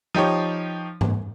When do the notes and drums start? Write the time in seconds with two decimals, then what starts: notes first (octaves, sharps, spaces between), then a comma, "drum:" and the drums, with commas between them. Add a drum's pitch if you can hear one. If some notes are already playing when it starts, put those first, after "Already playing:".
0.15 F3 D#4 G4 C#5
1.01 drum: tom G#2